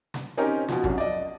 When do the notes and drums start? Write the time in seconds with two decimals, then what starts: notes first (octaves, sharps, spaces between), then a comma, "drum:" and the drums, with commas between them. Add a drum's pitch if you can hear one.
0.14 drum: snare
0.38 C4 C#4 D#4 G4 A#4
0.68 B2 F3, drum: snare
0.84 C2 F#2, drum: kick A1
0.98 D5 D#5